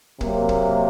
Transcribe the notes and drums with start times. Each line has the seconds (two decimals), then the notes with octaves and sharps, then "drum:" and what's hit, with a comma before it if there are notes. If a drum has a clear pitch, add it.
0.21 C3 F#3 A#3, drum: kick
0.49 drum: kick